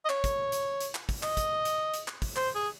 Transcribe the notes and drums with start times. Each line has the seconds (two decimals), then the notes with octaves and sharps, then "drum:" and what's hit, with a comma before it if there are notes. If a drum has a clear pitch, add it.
0.05 D#5
0.09 C#5, drum: clap
0.24 drum: kick, hi-hat
0.52 drum: hi-hat
0.80 drum: hi-hat
0.95 drum: clap
1.09 drum: kick, open hi-hat
1.23 D#5, drum: clap
1.37 drum: kick, hi-hat
1.65 drum: hi-hat
1.94 drum: hi-hat
2.08 drum: clap
2.22 drum: kick, open hi-hat
2.36 C5, drum: clap
2.55 G#4